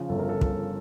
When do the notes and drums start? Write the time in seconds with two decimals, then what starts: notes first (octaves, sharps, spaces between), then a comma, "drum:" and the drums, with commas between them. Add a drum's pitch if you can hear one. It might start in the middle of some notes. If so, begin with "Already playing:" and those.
Already playing: C#3 F3
0.09 G1 A4
0.19 A#4
0.29 A4
0.41 drum: kick